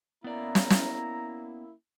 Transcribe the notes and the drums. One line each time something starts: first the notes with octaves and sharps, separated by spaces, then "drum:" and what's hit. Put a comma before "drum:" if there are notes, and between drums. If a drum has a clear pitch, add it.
A#3 B3 C#4 E4 D5 A#5
drum: snare
drum: snare